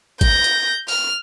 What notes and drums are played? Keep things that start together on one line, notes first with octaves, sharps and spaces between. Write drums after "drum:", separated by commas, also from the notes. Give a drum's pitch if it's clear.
G6 A#6, drum: kick, hi-hat
drum: hi-hat
F6, drum: open hi-hat